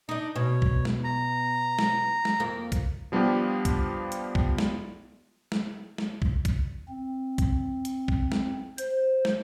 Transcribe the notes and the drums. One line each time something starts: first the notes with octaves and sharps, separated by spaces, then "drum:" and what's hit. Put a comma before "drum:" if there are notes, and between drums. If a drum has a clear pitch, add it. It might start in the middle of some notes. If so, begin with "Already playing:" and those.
D4 D#4 D#5
B2 C#5
drum: kick B1
drum: snare
A#5
drum: snare
drum: snare
F2 A#3
drum: kick B1, hi-hat
F3 G3 B3 D4 F4 G4
drum: kick B1, hi-hat
drum: hi-hat
drum: kick B1
drum: snare
drum: snare
drum: snare
drum: kick B1
drum: kick B1, hi-hat
C4
drum: kick B1, hi-hat
drum: hi-hat
drum: kick B1
drum: snare
C5, drum: hi-hat
drum: snare